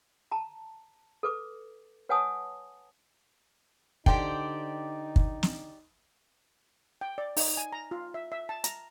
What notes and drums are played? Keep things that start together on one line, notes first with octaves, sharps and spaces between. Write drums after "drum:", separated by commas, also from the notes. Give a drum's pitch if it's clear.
A5 A#5
A4 B4 D6
B4 C#5 F#5 G#5 A5 D#6
D3 D#4 G4 C5 D5 G5, drum: kick
drum: kick
drum: snare
G5
D5
D#4, drum: open hi-hat
G#5
A#5
F4
E5
E5
A5
A#5, drum: hi-hat